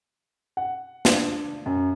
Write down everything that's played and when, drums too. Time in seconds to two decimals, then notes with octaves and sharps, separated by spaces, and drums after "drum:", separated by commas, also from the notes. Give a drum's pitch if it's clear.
0.57 F#5
1.05 D4, drum: snare
1.66 F#2